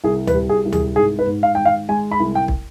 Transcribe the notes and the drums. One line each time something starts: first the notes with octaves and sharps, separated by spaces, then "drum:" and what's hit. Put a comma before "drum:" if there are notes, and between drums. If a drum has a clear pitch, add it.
C2 G#4
B4, drum: tom D2
G3
G#4
C2
G#4, drum: tom D2
G#2 G#4
B4
G#2
F5
G#1 G5
F5
G#3 G#5
B5
C2
G5
drum: kick